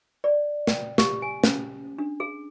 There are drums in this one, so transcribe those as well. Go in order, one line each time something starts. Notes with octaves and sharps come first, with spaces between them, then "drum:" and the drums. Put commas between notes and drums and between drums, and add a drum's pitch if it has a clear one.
D5
G5, drum: snare
G4, drum: snare
G#5
C#4, drum: snare
D4
G#4